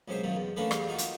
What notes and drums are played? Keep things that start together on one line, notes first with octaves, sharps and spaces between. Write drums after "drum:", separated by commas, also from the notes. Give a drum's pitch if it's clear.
C#2 F#2 C3 G#3 C5 E5
F#2 A#2 D#3
E2
E3 A3 A#3 C#4 D4 E4
E2 G3 F5, drum: rim click
A#3 D#4 F4 F#4
drum: hi-hat